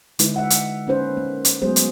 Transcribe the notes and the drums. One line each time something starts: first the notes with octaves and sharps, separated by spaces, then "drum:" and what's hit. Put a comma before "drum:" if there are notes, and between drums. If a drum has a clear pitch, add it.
D3 G#3 D#4 E4 B4, drum: hi-hat
E5 F#5
drum: hi-hat
A#3 C#4 D#4 B4 C5
A#3
drum: hi-hat
F#3 G#3 A3 B3 G#4 C5
drum: hi-hat